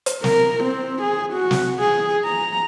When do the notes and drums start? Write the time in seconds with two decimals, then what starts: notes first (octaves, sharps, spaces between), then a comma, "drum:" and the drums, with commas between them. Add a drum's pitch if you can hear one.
0.06 drum: hi-hat
0.24 A#4, drum: snare
0.64 C4
1.02 G#4
1.33 F#4
1.51 drum: snare
1.80 G#4
2.25 A#5